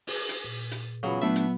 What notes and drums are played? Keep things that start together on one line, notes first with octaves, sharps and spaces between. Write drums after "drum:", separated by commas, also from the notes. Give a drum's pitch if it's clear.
G#4 B4, drum: open hi-hat
drum: hi-hat
A#2
drum: hi-hat
E2 C#3 F#3 B3 F4 B5
F#3 A3 B3 D4 E5 A5
drum: hi-hat